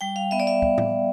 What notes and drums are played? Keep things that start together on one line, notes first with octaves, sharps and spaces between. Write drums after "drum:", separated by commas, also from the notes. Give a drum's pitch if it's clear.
G3 G5
F5
B3 E5
D5
E5
drum: kick
drum: tom A2